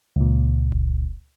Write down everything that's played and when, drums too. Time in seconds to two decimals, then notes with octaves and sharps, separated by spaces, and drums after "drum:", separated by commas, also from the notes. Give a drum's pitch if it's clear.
0.16 C#2 A#2
0.72 drum: kick F1